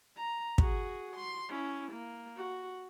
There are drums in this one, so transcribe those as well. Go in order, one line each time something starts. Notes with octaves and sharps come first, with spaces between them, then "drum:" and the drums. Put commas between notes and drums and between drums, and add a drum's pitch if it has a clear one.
A#5
F#4 G#4, drum: kick
C6
C#4 E4
A#3
F#4